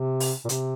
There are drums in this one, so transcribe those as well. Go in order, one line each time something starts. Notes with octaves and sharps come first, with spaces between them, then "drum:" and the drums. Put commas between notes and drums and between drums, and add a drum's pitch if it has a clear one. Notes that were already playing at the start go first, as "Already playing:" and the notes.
Already playing: C3
drum: open hi-hat
A#2
C3, drum: hi-hat